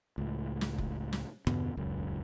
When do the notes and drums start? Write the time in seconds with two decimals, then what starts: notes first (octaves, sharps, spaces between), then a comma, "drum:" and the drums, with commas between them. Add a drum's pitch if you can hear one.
0.18 C#2 A2
0.61 drum: snare
0.78 drum: kick F1
1.13 drum: snare
1.47 E2 B2 D3 B3, drum: tom G2
1.77 D#1 C#2 F#2